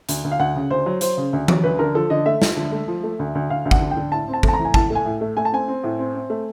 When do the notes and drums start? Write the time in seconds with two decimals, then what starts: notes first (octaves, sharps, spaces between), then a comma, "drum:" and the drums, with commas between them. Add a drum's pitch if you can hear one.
0.09 D2, drum: hi-hat
0.24 D2
0.31 F5
0.39 D2 F#5
0.56 C#3
0.70 D2 C5
0.86 F#3
1.01 F#3 C5, drum: hi-hat
1.17 C#3
1.33 D2
1.48 F#3, drum: tom E3
1.63 D2 B4
1.79 D3 A#4
1.95 F3 A4
2.10 D3 D#5
2.26 A3 E5
2.42 F3, drum: snare
2.57 D3
2.72 A3
2.88 F3
3.04 A3
3.19 D2
3.35 D2
3.50 D2 F5
3.65 D2
3.71 F#5, drum: kick
3.81 D3
3.91 G5
3.97 D3
4.12 A2 A5
4.28 C4
4.33 A5
4.43 A3, drum: kick
4.48 A5
4.53 A#5
4.59 E3
4.65 G#5
4.74 A2 A5, drum: kick
4.90 A3
4.95 G#5
5.06 A2
5.21 A3
5.37 A3 G#5
5.45 A5
5.52 C4 G#5
5.68 C4
5.84 A2
5.99 C4
6.14 C4
6.30 A3